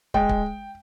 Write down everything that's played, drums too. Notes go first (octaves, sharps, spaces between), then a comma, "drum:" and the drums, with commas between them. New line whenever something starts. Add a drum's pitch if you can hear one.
G#3 G5, drum: kick
drum: kick